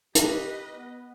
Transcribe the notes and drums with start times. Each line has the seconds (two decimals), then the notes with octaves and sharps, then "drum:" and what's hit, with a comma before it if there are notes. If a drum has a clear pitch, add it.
0.15 G4 B4 D#5, drum: hi-hat
0.74 B3